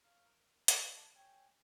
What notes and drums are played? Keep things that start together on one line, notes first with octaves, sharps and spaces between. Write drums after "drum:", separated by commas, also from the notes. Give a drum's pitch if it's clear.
A#4 C#5 F5
A#4
B4 C5 G#5, drum: hi-hat
A4 E5 A5
C#5 G5 G#5